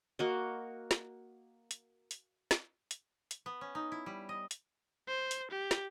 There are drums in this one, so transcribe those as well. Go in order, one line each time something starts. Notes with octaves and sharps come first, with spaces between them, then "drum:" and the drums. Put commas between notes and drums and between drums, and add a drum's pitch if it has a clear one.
A#3 F#4 D#5
drum: snare
drum: hi-hat
drum: hi-hat
drum: snare
drum: hi-hat
drum: hi-hat
B3
C#4
D#4
E4
G3
D#5
drum: hi-hat
C5
drum: hi-hat
G4
drum: snare